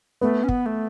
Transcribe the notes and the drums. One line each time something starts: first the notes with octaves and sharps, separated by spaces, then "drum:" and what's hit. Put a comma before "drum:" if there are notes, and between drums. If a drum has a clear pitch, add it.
A3 B3
C#4
B3, drum: kick
A3